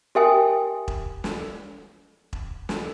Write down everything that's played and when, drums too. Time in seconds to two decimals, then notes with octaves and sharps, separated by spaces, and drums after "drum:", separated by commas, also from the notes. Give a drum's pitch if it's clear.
0.15 G4 A#4 E5 G5 G#5 D#6
0.88 drum: kick E1
1.24 drum: snare
2.33 drum: kick E1
2.69 drum: snare